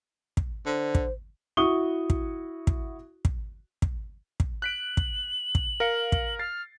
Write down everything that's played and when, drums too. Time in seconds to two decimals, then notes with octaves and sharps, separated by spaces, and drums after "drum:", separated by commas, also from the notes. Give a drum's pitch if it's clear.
0.37 drum: kick
0.66 D3 C5
0.95 drum: kick
1.57 E4 F#4 C#6 D#6 G7
2.10 drum: kick
2.67 drum: kick
3.25 drum: kick
3.82 drum: kick
4.40 drum: kick
4.62 F#6 B6 D7 F#7
4.97 drum: kick
5.55 drum: kick
5.80 A#4 F5 C#7
6.12 drum: kick
6.39 F6 A6 C7